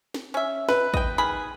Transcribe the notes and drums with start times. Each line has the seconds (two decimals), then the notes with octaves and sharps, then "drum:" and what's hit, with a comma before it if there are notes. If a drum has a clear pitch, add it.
0.14 drum: snare
0.34 C#4 E5
0.69 B4, drum: snare
0.94 D#5 G5, drum: kick
1.18 D#3 G#4 B5